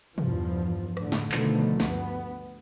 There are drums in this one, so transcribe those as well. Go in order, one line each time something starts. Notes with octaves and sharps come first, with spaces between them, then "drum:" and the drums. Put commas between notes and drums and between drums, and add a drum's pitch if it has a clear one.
E2 G2 F3, drum: tom
A2 D3, drum: rim click
drum: snare
B2 D3 D#3 F3 A3, drum: clap
D2 G2 B3, drum: snare